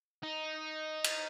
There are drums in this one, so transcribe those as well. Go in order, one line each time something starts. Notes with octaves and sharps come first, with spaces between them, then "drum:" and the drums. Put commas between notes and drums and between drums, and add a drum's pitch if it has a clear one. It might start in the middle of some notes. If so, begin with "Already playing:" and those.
D#4
drum: cymbal